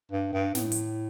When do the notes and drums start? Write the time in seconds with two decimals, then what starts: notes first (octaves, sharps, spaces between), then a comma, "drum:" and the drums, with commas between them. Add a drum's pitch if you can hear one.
0.11 G2
0.33 G2
0.55 A2, drum: snare
0.72 drum: hi-hat